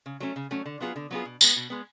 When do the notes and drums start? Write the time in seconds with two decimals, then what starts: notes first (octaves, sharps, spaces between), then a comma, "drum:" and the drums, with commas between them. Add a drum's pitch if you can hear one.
0.06 C#3
0.20 F#3 A3 C#4
0.36 C#3
0.51 F#3 A3 C#4
0.66 D3
0.81 F#3 B3 F4 G#4
0.96 D3
1.11 F#3 B3 F4 G#4
1.25 B2
1.41 G#3 B3, drum: tambourine
1.56 B2
1.70 G#3 B3